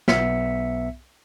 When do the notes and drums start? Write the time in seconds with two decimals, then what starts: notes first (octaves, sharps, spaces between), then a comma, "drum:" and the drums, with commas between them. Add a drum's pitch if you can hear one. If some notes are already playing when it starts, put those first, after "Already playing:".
0.08 B1 B3 E5 B6 C#7, drum: snare